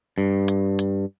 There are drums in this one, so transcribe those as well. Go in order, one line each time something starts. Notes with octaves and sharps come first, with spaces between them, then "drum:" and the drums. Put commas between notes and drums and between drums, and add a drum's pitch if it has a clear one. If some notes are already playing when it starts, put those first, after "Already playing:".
G2
drum: hi-hat
drum: hi-hat